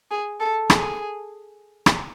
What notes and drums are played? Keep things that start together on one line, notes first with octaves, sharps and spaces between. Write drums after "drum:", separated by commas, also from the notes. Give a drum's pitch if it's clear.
G#4
A4
G#4, drum: rim click
drum: rim click